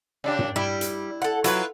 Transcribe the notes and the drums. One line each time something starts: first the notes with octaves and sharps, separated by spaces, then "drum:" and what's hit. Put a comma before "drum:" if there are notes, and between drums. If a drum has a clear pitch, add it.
C#3 D4 G4
drum: tom
G3 E4
drum: hi-hat
A4 F#5
F#3 E4 F4 B4, drum: hi-hat